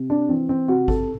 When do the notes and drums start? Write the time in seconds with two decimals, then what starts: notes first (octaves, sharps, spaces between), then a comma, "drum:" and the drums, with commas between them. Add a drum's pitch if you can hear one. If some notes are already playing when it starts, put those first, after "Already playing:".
Already playing: C3
0.10 D4
0.29 E3 C4
0.49 C4
0.68 C3 F#4
0.88 A4, drum: kick G#1